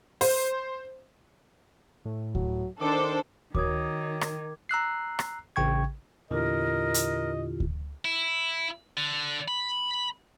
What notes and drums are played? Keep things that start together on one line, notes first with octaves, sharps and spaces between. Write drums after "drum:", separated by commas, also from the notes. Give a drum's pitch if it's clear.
C5, drum: open hi-hat
A2
F#3, drum: kick D2
D#3 D4 A4 C5 D6
D#3 F#4 A#4 C#5 D6 D#6 G#6, drum: kick D2
drum: rim click
A#5 E6 F#6 C7
drum: rim click
A1 C#3 G5 C#6 G#6
E2 A#2 D3 E4 F4 G4 A#4 D#5
drum: hi-hat
drum: kick D2
E4
D3
B5